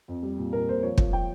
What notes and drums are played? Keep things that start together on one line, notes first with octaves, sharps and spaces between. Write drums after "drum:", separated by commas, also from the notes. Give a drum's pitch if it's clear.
F2
G3
A#2
A#2 A#4
A#2 C5
F3 C#5
F3, drum: kick
G5